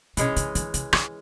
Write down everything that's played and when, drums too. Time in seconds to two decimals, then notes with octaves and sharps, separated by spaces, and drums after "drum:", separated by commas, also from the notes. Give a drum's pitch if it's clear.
0.17 B2 E3 G#3 C#4, drum: hi-hat
0.36 C#3, drum: hi-hat
0.55 D3, drum: hi-hat
0.74 C#3, drum: hi-hat
0.93 D3, drum: rim click